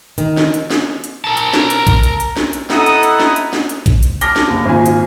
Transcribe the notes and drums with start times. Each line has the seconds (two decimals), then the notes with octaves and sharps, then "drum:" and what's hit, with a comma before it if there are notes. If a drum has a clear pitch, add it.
0.18 D#3, drum: hi-hat
0.37 drum: snare
0.54 drum: hi-hat
0.70 drum: snare
1.04 drum: hi-hat
1.24 A#4 A5
1.37 drum: hi-hat
1.53 drum: snare
1.70 drum: hi-hat
1.87 drum: kick A#1, hi-hat
2.03 drum: hi-hat
2.20 drum: hi-hat
2.37 drum: snare
2.53 drum: hi-hat
2.70 E4 A4 D#5 F#5 A#5 D#6, drum: snare
2.86 drum: hi-hat
3.03 drum: hi-hat
3.20 drum: snare
3.36 drum: hi-hat
3.53 drum: snare
3.69 drum: hi-hat
3.86 drum: kick A#1, hi-hat
4.03 drum: hi-hat
4.21 A5 D6 F6 A#6 G7, drum: hi-hat
4.36 drum: snare
4.48 F#1
4.65 G#1 A#2 G#5
4.86 drum: hi-hat